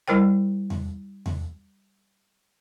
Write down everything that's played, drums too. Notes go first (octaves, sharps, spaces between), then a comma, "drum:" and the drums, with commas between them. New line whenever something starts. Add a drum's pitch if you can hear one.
G3 E4 A#4 C5 G5
drum: tom E2
drum: tom E2